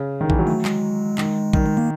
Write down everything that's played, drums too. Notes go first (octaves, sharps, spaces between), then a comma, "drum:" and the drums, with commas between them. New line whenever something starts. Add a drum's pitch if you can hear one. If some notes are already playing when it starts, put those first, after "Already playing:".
Already playing: C#3
D#3
E3, drum: kick
F#3
A3
G#3, drum: clap
D#3, drum: clap
D#3 G3, drum: kick
G#3
A#3